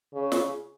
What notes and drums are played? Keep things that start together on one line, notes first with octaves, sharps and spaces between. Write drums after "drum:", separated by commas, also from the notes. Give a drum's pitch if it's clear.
C#3
drum: snare